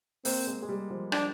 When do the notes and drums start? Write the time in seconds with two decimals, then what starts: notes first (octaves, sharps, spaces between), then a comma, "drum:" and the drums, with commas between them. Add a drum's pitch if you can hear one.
0.25 A#3 C4, drum: open hi-hat
0.47 G#3
0.62 G#3
0.69 G3
0.90 F3
1.12 D4, drum: rim click